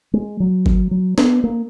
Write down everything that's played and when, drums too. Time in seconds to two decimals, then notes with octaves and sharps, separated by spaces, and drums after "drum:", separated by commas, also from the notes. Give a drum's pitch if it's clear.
0.13 G#3
0.40 F#3
0.66 drum: kick F#1
0.91 F#3
1.18 B3, drum: snare
1.44 A#3